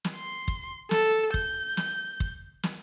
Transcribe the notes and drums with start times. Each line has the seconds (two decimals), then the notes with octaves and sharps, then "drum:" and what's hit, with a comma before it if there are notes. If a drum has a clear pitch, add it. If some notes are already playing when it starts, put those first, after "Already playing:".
0.05 drum: snare
0.16 C6
0.48 drum: kick
0.91 A4, drum: snare
1.34 G6, drum: kick
1.77 drum: snare
2.20 drum: kick
2.63 drum: snare